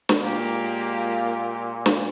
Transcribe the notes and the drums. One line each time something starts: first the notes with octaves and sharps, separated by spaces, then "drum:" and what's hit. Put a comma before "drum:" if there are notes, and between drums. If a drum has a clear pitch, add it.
drum: snare
A#2 G#3 A#3 F4 G4 A#4
drum: snare